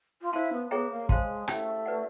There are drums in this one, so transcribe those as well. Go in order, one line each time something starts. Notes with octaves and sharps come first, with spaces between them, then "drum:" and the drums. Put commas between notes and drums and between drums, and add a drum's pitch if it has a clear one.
F4
E4 C5 F5 A5 C6
B3
B3 G#4 C#5 E5 G5 A#5
A#3
G#3 C5 F5 A5 C6, drum: kick
A3 C#4 E4 G4, drum: rim click
B4 D5 F#5